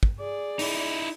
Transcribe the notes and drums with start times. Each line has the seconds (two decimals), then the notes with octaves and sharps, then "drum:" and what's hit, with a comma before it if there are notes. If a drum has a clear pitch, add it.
0.03 drum: kick
0.19 G#4 D5
0.59 D#4 E4, drum: open hi-hat